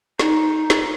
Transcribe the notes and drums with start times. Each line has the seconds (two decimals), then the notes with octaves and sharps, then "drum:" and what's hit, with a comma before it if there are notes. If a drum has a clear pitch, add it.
0.19 D#4, drum: snare
0.70 drum: snare